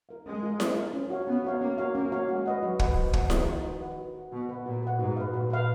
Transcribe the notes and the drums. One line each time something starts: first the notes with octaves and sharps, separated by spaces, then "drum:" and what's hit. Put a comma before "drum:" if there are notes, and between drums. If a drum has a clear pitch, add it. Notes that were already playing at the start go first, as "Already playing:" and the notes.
F4 A#4 F5
G#3 C#4
F4 A#4 F5
C#4, drum: snare E4
F4 A#4 F5
C#4
F#4 C#5 F5
B3 C#4
F#4 C#5 F5
A#3 C#4
F#4 C#5 F5
A#3 C#4
F#4 C#5 F5
G#3 F#4
B4 D#5 F#5
F#3 F#4
B4 D#5 F#5, drum: kick
F3 F#4
B4 D#5 F#5, drum: kick
D#3 F#4, drum: snare E4
B4 D#5 F#5
F#4
B4 F#5
F#4
B4 F#5
B2 F#4
B4 F#5
A#2 F#4
B4 F#5
G#2 F#4
B4 F5
A#2 F#4
B4 F5